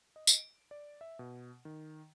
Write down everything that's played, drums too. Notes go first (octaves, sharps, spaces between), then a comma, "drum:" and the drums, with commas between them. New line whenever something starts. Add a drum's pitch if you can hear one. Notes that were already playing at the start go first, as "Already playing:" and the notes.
D#5
drum: tambourine
D7
D5
E5
B2
D#3